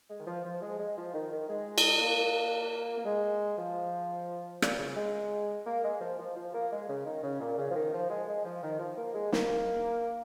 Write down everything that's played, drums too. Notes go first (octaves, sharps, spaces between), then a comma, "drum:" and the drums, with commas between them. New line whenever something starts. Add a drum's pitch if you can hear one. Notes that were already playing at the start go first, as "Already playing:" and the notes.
G#3
D#3
F3
F3
G#3
G#3
F3
D#3
D#3
G#3
drum: cymbal
A#3
A#3
G#3
F3
A#2, drum: rim click
C#3
G#3
A#3
G#3
F3
F3
F3
A#3
G#3
C#3
D#3
C#3
A#2
C#3
F3
D#3
F3
G#3
G#3
F3
D#3
F3
A#3
G#3
A#3, drum: snare